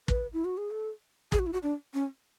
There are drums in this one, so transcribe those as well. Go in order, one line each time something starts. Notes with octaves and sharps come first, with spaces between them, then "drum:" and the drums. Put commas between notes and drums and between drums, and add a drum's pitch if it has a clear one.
B4, drum: kick
E4
F#4
G#4
A4
G#4, drum: kick
F#4
E4
F#4
D4
C#4